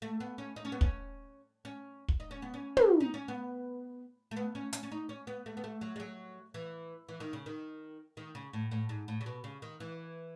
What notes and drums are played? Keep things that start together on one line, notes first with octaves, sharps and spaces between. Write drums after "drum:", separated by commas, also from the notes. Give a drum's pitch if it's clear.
A3
B3
C#4
D#4
C#4
B3
C#4, drum: kick
C#4
drum: kick
D#4
C#4
B3
C#4
drum: tom
D#4
C#4
B3
A3
B3
C#4
C#4, drum: hi-hat
C#4
D#4
C#4
B3
A3
B3
A3
F#3
G#3
F#3
E3
E3
D#3
C#3
D#3
D#3
C#3
A2
A2
G#2
A2
C#3
B2
C#3
D#3
E3